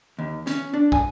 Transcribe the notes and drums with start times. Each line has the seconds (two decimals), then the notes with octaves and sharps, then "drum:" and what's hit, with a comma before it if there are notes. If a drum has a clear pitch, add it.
0.19 D#2
0.47 C#4, drum: hi-hat
0.74 D4
0.92 G#5, drum: kick